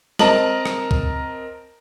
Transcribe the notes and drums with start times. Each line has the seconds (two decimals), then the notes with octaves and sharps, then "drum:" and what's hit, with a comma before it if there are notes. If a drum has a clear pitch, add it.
0.19 C4 A#4 D#5 A5 F#7, drum: snare
0.65 drum: rim click
0.91 drum: kick